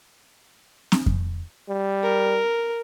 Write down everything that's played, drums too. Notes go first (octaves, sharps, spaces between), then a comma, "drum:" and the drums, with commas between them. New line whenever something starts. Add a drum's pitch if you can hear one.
drum: snare
drum: kick F2
G3
A#4